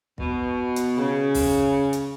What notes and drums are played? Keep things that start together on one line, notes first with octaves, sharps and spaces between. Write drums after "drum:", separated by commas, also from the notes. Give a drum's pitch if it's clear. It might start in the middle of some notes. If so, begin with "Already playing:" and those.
B2, drum: kick
drum: hi-hat
C#3
drum: kick, open hi-hat
drum: hi-hat